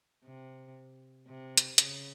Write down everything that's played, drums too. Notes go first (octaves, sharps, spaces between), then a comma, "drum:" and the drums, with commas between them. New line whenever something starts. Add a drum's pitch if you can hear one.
C3
C3
drum: hi-hat
C#3, drum: hi-hat